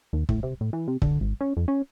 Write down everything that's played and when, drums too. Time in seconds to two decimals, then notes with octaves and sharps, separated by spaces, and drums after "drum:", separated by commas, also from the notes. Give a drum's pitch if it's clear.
0.13 D#2
0.29 A2, drum: kick
0.43 C3
0.61 A2
0.73 E3
0.88 C3
1.02 D3, drum: kick
1.21 G#1
1.41 C#4
1.57 F2
1.68 C#4